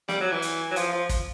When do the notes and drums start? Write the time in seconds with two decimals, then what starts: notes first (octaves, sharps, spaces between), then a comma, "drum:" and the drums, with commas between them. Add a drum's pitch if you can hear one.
0.08 G3, drum: snare
0.21 F#3
0.32 E3
0.42 drum: hi-hat
0.71 F#3
0.76 F3, drum: hi-hat
0.92 F3
1.09 drum: kick, hi-hat